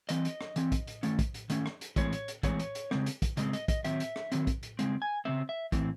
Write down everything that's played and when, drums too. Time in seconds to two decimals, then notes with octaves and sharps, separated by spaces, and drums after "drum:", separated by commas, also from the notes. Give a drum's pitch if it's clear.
0.09 E3 C4 D#5, drum: hi-hat
0.25 drum: hi-hat
0.41 drum: rim click
0.56 E3 C4, drum: hi-hat
0.72 drum: kick, hi-hat
0.87 drum: hi-hat
1.03 D#3 A3 C#4, drum: hi-hat
1.19 drum: kick, hi-hat
1.34 drum: hi-hat
1.50 D#3 A3 C#4, drum: hi-hat
1.66 drum: rim click
1.81 drum: hi-hat
1.96 A2 E3 G#3 C4 C#5, drum: kick, hi-hat
2.13 drum: hi-hat
2.28 drum: hi-hat
2.43 A2 E3 G#3 C4 C#5, drum: kick, hi-hat
2.59 drum: hi-hat
2.75 drum: hi-hat
2.91 C#3 G#3 C4, drum: rim click
3.06 drum: hi-hat
3.22 drum: kick, hi-hat
3.37 C#3 G#3 C4 D#5, drum: hi-hat
3.53 D#5, drum: hi-hat
3.68 D#5, drum: kick, hi-hat
3.85 D#3 F#3 C4 E5, drum: hi-hat
4.00 drum: hi-hat
4.16 drum: rim click
4.32 D#3 F#3 C4, drum: hi-hat
4.47 drum: kick, hi-hat
4.63 drum: hi-hat
4.79 C#3 G#3 C4, drum: hi-hat
5.02 G#5
5.25 C#3 G#3 C4 E5
5.49 E5
5.72 A2 E3 C4, drum: kick, hi-hat